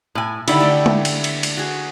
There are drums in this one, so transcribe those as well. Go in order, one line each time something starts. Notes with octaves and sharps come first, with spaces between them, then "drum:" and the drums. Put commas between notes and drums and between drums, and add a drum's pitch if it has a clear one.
A2 G#5
D3 D#3 E4 G4 D5, drum: cymbal
A3 G5
drum: tom G#3
drum: cymbal
drum: cymbal
drum: cymbal
F#4 G#4